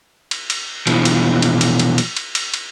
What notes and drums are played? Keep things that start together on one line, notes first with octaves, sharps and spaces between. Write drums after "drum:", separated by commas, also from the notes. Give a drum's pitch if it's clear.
drum: cymbal
drum: cymbal
B2 E3 F3, drum: cymbal
drum: cymbal
drum: cymbal
drum: cymbal
drum: cymbal
drum: cymbal
drum: cymbal
drum: cymbal
drum: cymbal